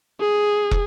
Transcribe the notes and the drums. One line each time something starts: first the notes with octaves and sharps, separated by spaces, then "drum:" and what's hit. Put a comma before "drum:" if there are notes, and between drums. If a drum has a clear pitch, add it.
G#4
drum: kick